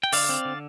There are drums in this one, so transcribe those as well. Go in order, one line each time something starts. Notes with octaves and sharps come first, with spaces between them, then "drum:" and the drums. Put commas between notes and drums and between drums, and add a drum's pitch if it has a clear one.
G5
D3 D5 F5, drum: open hi-hat
C4
D3